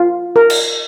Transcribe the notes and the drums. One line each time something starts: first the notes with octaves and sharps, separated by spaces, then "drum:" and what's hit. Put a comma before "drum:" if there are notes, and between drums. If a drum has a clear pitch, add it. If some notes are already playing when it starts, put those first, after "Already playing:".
Already playing: F4
A#4
drum: cymbal